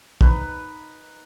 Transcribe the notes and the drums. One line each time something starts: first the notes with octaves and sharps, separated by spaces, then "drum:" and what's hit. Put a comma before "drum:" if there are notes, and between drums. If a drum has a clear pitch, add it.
D#4 B4, drum: kick